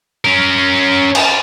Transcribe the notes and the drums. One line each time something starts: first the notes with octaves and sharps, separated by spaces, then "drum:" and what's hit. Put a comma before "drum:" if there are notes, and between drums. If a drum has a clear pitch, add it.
C#4 A#4
drum: cymbal